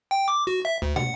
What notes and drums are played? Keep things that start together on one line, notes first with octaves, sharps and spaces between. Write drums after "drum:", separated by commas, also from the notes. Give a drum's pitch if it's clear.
G5
D6
F#4
E5
D2
F#5, drum: tom